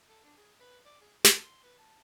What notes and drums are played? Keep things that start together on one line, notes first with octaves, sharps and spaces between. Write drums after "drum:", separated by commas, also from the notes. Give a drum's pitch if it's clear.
A4
D4
G#4
B4
D5
G#4
A4, drum: snare
C6
B4
A5